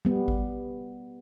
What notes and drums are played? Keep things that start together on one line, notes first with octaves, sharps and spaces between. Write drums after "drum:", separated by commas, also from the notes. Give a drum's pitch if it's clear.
G3 B3
drum: kick G#1